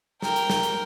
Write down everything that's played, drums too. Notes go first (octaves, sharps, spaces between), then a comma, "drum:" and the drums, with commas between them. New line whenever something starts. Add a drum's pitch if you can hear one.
A#4 G5, drum: snare
drum: hi-hat
drum: snare
drum: hi-hat